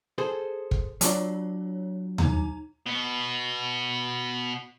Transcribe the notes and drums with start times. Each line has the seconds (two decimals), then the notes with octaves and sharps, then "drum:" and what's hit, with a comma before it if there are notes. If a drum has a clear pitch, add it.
0.18 G#4 A4 C5
0.71 drum: kick
1.01 F#3 D4 F4 C#5, drum: hi-hat
2.18 D#4 A#5, drum: tom D#2
2.86 B2 B3